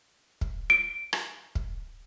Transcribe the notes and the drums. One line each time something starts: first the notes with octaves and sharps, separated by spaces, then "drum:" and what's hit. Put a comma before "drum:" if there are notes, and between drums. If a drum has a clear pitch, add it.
drum: kick
D7
drum: rim click
drum: kick